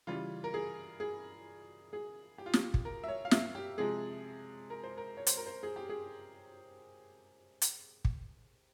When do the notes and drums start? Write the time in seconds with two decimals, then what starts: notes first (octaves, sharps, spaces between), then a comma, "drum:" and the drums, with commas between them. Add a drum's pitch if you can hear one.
0.07 C#3 E3 G3 F4
0.44 A#4
0.54 G#4
1.00 G#4
1.93 G#4
2.38 G4
2.46 F4
2.53 G4, drum: snare
2.74 drum: kick
2.85 A#4
3.04 E5
3.08 C#5
3.25 F5
3.31 E5, drum: snare
3.55 G4
3.78 C3 F3 G#3 G#4
4.70 A#4
4.84 C5
4.97 A#4
5.17 C#5
5.27 C5, drum: hi-hat
5.37 A#4
5.46 C5
5.63 G#4
5.76 G4
5.89 G#4
7.62 drum: hi-hat
8.05 drum: kick